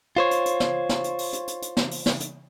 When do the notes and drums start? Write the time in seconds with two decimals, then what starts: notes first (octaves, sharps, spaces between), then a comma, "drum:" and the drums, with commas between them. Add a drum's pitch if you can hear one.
0.17 F4 C5 C#5
0.31 drum: hi-hat
0.46 drum: hi-hat
0.60 drum: snare
0.89 drum: snare
1.04 drum: hi-hat
1.18 drum: open hi-hat
1.33 drum: hi-hat
1.48 drum: hi-hat
1.62 drum: hi-hat
1.77 drum: snare
1.91 drum: open hi-hat
2.06 drum: snare
2.20 drum: hi-hat